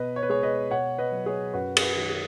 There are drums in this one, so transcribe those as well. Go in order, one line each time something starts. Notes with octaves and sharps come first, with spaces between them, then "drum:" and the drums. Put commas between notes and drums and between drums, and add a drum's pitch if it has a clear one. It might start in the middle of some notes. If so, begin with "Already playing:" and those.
Already playing: B2 B4 D#5
C#5
B4
G#3 G#4 C#5
B4 D#5
B2 C#5 F#5
B4 D#5
F#3
G#4 C#5
F#2 F#4 B4
G#4, drum: cymbal
F#4 B4
D#3 G#3
G#4